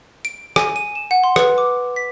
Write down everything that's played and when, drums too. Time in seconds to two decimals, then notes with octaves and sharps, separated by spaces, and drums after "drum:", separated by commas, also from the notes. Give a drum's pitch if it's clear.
0.25 D7
0.56 G#5, drum: rim click
0.76 D#7
0.95 E7
1.11 F#5
1.24 C6
1.36 B4, drum: rim click
1.58 D6
1.96 B6